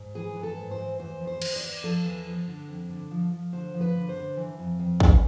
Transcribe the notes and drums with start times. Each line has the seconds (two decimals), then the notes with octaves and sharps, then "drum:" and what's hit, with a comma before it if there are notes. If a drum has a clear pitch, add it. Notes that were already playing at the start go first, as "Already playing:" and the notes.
Already playing: G#2
0.15 E3 G#4
0.36 E3
0.43 A4
0.57 G#2
0.71 C5
0.78 E3
0.99 E2 C5
1.21 E2
1.27 C5
1.42 E2, drum: cymbal
1.56 D5
1.63 E2
1.84 F3 A4
2.05 E2
2.26 F3
2.48 D3
2.68 F2
2.89 D3
3.11 F3
3.32 F3
3.52 D3 C5
3.74 F3
3.81 B4
3.96 D3
4.09 C5
4.16 D3
4.37 E3
4.59 F2
4.79 F2
5.00 E3, drum: kick